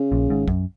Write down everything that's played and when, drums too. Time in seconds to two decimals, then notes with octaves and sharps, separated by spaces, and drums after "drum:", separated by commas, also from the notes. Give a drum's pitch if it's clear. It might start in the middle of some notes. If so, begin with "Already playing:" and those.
Already playing: C#3
0.12 A#1 A#2
0.30 G#1 G#2
0.48 F#2, drum: kick